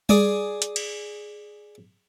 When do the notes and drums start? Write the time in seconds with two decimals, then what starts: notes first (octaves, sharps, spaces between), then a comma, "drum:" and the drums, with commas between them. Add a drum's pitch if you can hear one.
0.09 G#4 D5 G#5, drum: tom G3
0.62 drum: hi-hat
0.76 drum: cymbal